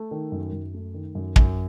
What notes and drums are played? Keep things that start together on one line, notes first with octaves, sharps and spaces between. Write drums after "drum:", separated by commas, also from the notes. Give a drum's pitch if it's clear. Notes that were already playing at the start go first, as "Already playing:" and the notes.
Already playing: A3
D#3
F#2
F#2
A3
D#3
F#2
F#2, drum: kick